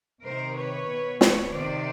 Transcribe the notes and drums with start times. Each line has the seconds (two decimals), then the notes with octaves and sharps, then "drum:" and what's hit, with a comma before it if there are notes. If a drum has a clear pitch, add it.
0.24 C3 D#3 A#4 C5
0.57 B4 C#5
0.89 B2
1.21 B4 C#5, drum: snare
1.53 C3 D#3 C5 D5